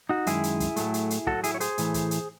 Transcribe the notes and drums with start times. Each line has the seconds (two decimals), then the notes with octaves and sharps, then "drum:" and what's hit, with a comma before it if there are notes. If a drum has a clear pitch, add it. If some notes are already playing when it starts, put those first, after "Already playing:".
0.09 D#4 F#4
0.26 F#2 D#3 G#3 E4 G#4, drum: hi-hat
0.43 drum: hi-hat
0.60 drum: kick, hi-hat
0.76 A2 F#3 A3, drum: hi-hat
0.94 drum: hi-hat
1.10 drum: hi-hat
1.27 A2 F#3 A3 F#4 A4, drum: kick
1.44 E4 G#4, drum: hi-hat
1.55 C#5
1.60 G#4 C5, drum: hi-hat
1.78 A2 E3 A3, drum: hi-hat
1.94 drum: kick, hi-hat
2.11 drum: hi-hat